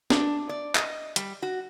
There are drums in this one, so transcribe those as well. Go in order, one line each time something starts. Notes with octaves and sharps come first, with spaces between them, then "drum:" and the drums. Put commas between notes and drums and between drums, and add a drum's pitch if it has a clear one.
D4, drum: snare
D5
D#5, drum: clap
G3, drum: hi-hat
F#4